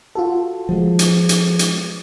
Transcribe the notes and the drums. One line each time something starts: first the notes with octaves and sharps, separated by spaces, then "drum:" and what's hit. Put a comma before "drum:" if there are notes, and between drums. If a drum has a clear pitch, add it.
F4 F#4 A4
F3 G#3
drum: hi-hat
drum: hi-hat
drum: hi-hat